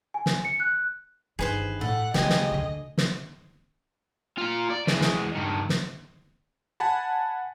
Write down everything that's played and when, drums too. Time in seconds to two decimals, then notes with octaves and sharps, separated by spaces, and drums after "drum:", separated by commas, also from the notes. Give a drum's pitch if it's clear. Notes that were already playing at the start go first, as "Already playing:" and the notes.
0.14 G#5
0.26 drum: snare
0.45 C#7
0.60 F#6
1.39 G1 D#3 G#4 B4 C5
1.81 A2 A4 F#5
2.14 C#2 A#3 G4 D#5 G#5, drum: snare
2.30 drum: snare
2.51 D2 D3
2.98 drum: snare
4.38 F4 A#5
4.70 D5
4.87 E3 G#3, drum: snare
5.01 drum: snare
5.35 G2 D#3
5.69 drum: snare
6.80 F#5 G#5 A5 B5